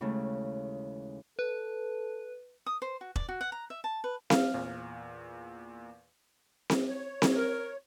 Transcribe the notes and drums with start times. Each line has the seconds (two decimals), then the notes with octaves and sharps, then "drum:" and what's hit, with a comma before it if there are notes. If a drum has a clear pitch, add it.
0.01 D#2 C#3 E3 G#3 A3
1.39 A4 B4
2.66 D#6
2.82 C5
3.01 F#4
3.16 D5, drum: kick E1
3.29 F#4
3.41 F#5
3.52 A#5
3.70 E5
3.84 A5
4.04 B4
4.30 F5, drum: snare C4
4.54 E2 A#2
6.70 drum: snare C4
6.88 C#5
7.22 drum: snare C4
7.36 A#4